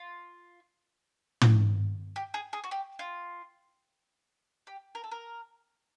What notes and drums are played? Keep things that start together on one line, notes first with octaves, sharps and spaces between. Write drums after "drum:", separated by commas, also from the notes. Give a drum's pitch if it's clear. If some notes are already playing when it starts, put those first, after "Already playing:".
Already playing: F4
drum: tom
G4
G#4
G#4
F#4
G4
F4
G4
A#4
A4
A#4